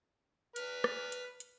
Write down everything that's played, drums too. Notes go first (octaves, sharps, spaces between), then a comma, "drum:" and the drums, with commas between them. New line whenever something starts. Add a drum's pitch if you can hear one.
B4 F6, drum: hi-hat
drum: rim click
drum: hi-hat
drum: hi-hat